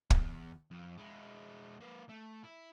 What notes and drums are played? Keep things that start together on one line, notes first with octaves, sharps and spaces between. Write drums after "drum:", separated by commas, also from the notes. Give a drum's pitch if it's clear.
E2, drum: kick
F2
G#3 E4
A#3 B4
A3
E4